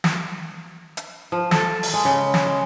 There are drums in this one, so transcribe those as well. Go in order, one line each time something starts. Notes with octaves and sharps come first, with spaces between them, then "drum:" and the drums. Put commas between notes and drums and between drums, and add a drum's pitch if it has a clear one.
drum: snare
drum: hi-hat
F3
A4, drum: snare
drum: open hi-hat
G#3
C#3
drum: snare
G#3